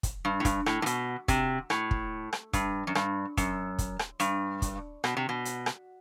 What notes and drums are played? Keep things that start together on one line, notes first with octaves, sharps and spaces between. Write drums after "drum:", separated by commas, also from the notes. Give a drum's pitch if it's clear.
drum: kick, hi-hat
G2
A2
G2, drum: kick, hi-hat
A2, drum: rim click
A2
B2, drum: hi-hat
C3, drum: kick, hi-hat
A2, drum: rim click
drum: kick
drum: rim click
G2, drum: kick, hi-hat
F#2
G2, drum: rim click
F#2, drum: kick, hi-hat
drum: kick, hi-hat
drum: rim click
G2, drum: hi-hat
drum: kick, hi-hat
B2, drum: rim click
C3
B2
drum: hi-hat
drum: rim click